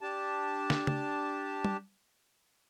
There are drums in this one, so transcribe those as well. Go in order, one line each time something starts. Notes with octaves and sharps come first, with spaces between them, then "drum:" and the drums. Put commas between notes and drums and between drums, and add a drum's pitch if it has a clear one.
D4 G4 A5
drum: snare
drum: tom C#3
drum: tom